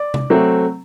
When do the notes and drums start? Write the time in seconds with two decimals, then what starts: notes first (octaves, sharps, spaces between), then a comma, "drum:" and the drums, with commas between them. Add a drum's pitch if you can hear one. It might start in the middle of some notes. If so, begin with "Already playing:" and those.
Already playing: D5
0.14 drum: tom C3
0.30 F#3 A3 C4